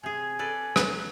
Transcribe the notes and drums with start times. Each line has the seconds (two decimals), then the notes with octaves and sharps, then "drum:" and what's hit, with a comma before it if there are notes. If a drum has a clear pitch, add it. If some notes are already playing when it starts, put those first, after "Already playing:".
0.03 C3 G#4 G#5
0.39 A4 B4 D5
0.76 F#3 B4, drum: rim click